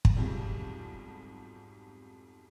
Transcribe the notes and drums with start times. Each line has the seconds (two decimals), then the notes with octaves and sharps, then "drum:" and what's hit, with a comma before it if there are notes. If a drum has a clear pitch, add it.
0.05 drum: kick
0.16 B1 F2 G#2 G3